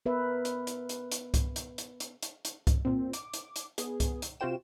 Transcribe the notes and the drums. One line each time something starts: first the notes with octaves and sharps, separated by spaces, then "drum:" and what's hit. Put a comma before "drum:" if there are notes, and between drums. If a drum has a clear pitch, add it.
B3 A#4 B4 E5
drum: hi-hat
drum: hi-hat
drum: hi-hat
drum: hi-hat
drum: kick C2, hi-hat
drum: hi-hat
drum: hi-hat
drum: hi-hat
drum: hi-hat
drum: hi-hat
drum: kick C2, hi-hat
A#2 C4
D6, drum: hi-hat
drum: hi-hat
drum: hi-hat
B3 G#4, drum: hi-hat
drum: kick C2, hi-hat
drum: hi-hat
C3 F4 F#4 C5 G5 E7